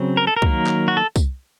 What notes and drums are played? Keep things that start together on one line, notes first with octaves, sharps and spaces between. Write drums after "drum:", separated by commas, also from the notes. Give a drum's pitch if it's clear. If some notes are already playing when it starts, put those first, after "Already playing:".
Already playing: C#3 F#3 C4
A#4
A4
A#4
D#3 F#3 A#3, drum: kick
drum: clap
F#4
A4
drum: kick, tambourine